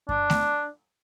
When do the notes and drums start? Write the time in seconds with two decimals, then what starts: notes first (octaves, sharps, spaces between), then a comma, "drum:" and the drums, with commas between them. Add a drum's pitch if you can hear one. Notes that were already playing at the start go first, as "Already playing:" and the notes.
0.09 D4, drum: kick F#2
0.30 drum: snare A3